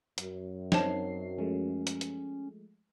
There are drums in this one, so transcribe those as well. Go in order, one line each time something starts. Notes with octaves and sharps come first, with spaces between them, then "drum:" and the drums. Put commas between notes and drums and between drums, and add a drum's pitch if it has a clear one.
F#2, drum: hi-hat
C4 D#4 C5 C#5 A5 C7, drum: snare
F3 G#3 A3 C#4
drum: hi-hat
drum: hi-hat